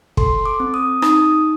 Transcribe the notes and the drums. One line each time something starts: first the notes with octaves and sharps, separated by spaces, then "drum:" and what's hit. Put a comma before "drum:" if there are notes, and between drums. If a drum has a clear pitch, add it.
A4 C6, drum: kick
D6
C4
D#6
D#4 D#6, drum: rim click